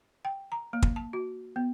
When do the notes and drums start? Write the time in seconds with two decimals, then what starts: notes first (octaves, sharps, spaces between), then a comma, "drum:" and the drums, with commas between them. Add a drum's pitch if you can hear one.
0.25 G5
0.52 A#5
0.73 A#3
0.82 drum: kick
0.96 A5
1.13 F#4
1.56 B3